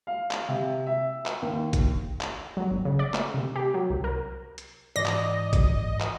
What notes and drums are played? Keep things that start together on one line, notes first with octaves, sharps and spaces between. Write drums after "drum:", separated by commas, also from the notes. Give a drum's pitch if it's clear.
F5
drum: clap
C3
E5
drum: clap
D#2
drum: kick G#1, hi-hat
drum: clap
F#3
G1
C#3
D5
A3, drum: clap
C3
G4
F#3
C2
A#4
drum: hi-hat
G#2 E3 D5 D#5 A#6
drum: clap
drum: kick G#1, hi-hat
drum: clap